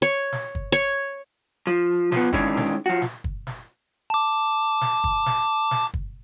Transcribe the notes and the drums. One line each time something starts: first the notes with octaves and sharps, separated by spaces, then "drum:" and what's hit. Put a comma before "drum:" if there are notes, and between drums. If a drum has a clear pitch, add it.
C#5
drum: snare
drum: kick
C#5
F3
F3 B3, drum: snare
D#3 E3 G#3 C#4 D4, drum: kick
drum: snare
F3 F#4
drum: snare
drum: kick
drum: snare
A5 D6
drum: snare
drum: kick
drum: snare
drum: snare
drum: kick